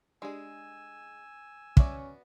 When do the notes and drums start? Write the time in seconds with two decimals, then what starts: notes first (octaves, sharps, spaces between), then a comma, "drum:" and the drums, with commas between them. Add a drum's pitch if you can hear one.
0.22 G#3 D4 G4 G#4 D5 G#5 E6
1.77 B3 C#4 F#4 D5 E5, drum: kick